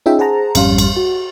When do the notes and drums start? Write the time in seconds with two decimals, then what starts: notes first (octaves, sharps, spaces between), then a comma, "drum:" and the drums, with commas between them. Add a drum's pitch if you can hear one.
0.06 C#4 D#4 F4 G#4 E5 G5
0.19 G#4 C5 F#5 A5 A#5
0.55 G#1 F2 G3 C#4 F5 C6, drum: cymbal
0.78 drum: cymbal
0.97 F#4